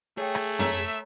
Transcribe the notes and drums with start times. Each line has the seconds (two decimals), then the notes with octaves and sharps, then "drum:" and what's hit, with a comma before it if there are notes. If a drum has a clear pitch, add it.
0.18 A3 G#4 C#5 G5
0.35 drum: rim click
0.59 A#4 C#5 E5 A#5, drum: tom